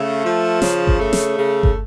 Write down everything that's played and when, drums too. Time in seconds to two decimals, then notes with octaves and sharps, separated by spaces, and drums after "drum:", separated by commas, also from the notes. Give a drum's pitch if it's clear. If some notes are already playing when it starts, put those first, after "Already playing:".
Already playing: C#3 A3
0.24 F3
0.62 C#3, drum: snare
0.87 drum: kick G1
1.00 A3
1.13 drum: snare
1.38 C#3
1.63 drum: kick G1